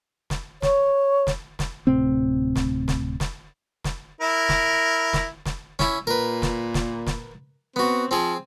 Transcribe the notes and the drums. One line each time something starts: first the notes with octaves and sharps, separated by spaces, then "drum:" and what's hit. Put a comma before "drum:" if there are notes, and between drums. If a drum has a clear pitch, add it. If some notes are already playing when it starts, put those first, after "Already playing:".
drum: snare
C#5, drum: snare
drum: snare
drum: snare
D1 A2 C3 C4
drum: snare
drum: snare
drum: snare
drum: snare
E4 A#4
drum: snare
drum: snare
drum: snare
C#4 E4, drum: snare
A#2 A#4 B4
drum: snare
drum: snare
drum: snare
B3 C4 F#4
F3 C4 G#4